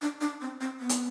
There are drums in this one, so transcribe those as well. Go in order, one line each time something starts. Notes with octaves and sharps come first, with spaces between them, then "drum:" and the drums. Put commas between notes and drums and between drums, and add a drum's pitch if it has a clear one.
D4
D4
C4
C4
B3
drum: hi-hat